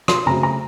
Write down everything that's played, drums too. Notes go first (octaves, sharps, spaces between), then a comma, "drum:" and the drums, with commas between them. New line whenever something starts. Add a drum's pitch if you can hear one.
C6, drum: rim click
C#3 F#3 A3 C4 A#5
A#5